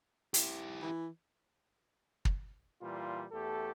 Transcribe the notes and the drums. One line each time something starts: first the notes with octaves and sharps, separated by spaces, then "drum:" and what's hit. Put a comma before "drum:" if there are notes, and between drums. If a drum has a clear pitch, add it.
E4 G4, drum: hi-hat
E3
drum: kick
A#2 E3 G3 F4
E2 A3 G4 A4